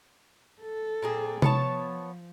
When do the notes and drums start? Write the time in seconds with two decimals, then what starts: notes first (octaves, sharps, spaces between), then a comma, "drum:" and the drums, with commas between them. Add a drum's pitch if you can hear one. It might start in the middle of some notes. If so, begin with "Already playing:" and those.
0.62 A4
1.02 A#2 C4 G#4
1.42 F3 B3 C#5 A5, drum: tom C3